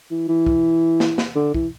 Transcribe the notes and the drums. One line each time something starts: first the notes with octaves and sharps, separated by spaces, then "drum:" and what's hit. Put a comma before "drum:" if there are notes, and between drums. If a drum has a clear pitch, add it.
E3
E3
drum: kick
drum: snare
drum: snare
D3
E3, drum: kick